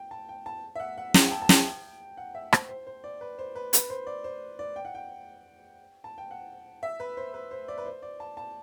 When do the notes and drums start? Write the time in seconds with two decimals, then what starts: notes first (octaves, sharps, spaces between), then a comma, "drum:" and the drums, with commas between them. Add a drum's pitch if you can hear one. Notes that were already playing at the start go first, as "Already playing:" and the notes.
Already playing: G5
0.11 A5
0.29 G5
0.46 A5
0.76 E5
0.80 F#5
0.98 F#5
1.14 G5, drum: snare
1.27 G5
1.32 A5
1.42 A5
1.49 G5, drum: snare
2.17 F#5
2.35 E5
2.53 C5, drum: rim click
2.69 C5
2.87 C5
3.04 D5
3.21 B4
3.39 C5
3.56 B4
3.73 B4, drum: hi-hat
3.90 C5
4.07 D5
4.24 C5
4.59 D5
4.76 G5
4.85 F#5
4.95 G5
6.04 A5
6.18 G5
6.31 F#5
6.83 E5
7.00 B4
7.17 C5
7.34 B4
7.51 C5
7.68 D5
7.78 B4
7.85 C5
8.02 D5
8.20 A5
8.37 A5